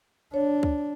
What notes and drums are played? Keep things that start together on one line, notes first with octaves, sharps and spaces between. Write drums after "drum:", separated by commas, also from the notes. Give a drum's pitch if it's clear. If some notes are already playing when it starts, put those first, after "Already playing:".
D4 C#5
drum: kick C#2